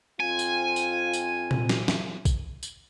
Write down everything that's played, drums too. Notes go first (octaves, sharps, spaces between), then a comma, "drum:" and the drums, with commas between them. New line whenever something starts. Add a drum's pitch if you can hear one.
F2 C4 F4 G#5
drum: tambourine
drum: tambourine
drum: tambourine
drum: tom A#2
drum: snare
drum: snare
drum: kick A#1, tambourine
drum: tambourine